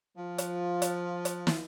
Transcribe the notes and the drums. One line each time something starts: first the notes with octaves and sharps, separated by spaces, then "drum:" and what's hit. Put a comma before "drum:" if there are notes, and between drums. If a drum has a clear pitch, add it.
F3 F4
drum: hi-hat
drum: hi-hat
drum: hi-hat
drum: snare